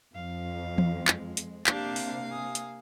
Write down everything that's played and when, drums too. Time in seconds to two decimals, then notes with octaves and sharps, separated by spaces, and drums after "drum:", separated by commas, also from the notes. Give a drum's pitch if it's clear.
0.15 F2 F5
0.78 drum: tom E3
0.96 G#3
1.08 drum: clap
1.37 drum: hi-hat
1.67 C3 A#3 D4 G4 F5, drum: clap
1.96 drum: open hi-hat
2.29 G#5 D#6
2.55 drum: hi-hat